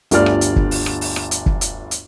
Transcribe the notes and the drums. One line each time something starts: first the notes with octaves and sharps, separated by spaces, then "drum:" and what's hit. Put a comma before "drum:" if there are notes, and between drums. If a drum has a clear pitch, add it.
G1 D2 G3 F4 D5 F6, drum: hi-hat
drum: rim click
drum: hi-hat
drum: kick
drum: open hi-hat
drum: rim click
drum: open hi-hat
drum: rim click
drum: hi-hat
drum: kick
drum: hi-hat
drum: hi-hat